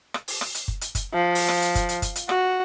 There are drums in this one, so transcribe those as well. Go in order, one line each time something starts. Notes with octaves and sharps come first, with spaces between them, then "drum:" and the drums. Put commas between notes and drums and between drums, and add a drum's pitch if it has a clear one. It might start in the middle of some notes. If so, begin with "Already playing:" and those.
drum: rim click
drum: open hi-hat
drum: rim click
drum: hi-hat
drum: kick F#1
drum: hi-hat
drum: kick F#1, hi-hat
F3
drum: open hi-hat
drum: rim click
drum: hi-hat
drum: kick F#1, hi-hat
drum: hi-hat
drum: kick F#1, hi-hat
drum: hi-hat
F#4, drum: rim click